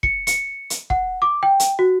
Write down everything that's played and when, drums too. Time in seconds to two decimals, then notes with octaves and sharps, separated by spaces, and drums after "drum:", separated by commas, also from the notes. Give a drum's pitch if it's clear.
0.03 C#7, drum: kick
0.27 C#7, drum: hi-hat
0.70 drum: hi-hat
0.90 F#5, drum: kick
1.22 D6
1.43 G5
1.60 drum: hi-hat
1.79 F#4